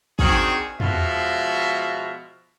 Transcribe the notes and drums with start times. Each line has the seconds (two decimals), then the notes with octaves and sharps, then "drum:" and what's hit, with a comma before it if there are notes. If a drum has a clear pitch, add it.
0.19 D#3 C4 D4 F#4 G#4, drum: kick
0.80 B2 F3 G#3 F4 F#4 E5, drum: tom E2